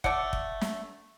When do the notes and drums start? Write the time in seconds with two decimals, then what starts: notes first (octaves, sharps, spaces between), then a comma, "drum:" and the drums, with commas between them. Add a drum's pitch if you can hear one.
0.04 A3 D5 F#5, drum: kick
0.33 drum: kick
0.61 drum: snare